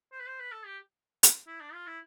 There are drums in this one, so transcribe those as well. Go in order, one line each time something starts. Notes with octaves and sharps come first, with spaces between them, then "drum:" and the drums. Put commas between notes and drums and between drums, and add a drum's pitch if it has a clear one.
C5
B4
C5
B4
A4
G4
drum: hi-hat
E4
D4
F4
E4